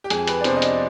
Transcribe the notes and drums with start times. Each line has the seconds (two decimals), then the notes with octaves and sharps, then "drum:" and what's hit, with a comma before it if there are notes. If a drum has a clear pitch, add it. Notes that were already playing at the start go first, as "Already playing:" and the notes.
0.04 G4
0.10 F2 G#4, drum: hi-hat
0.27 B4, drum: hi-hat
0.40 D5
0.44 C3 F3 B3 D4 C5, drum: hi-hat
0.56 D#5
0.62 D5, drum: hi-hat